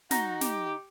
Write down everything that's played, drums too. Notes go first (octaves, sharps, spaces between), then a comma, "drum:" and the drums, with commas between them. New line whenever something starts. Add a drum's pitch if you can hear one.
D#4 F#4, drum: snare
G4, drum: snare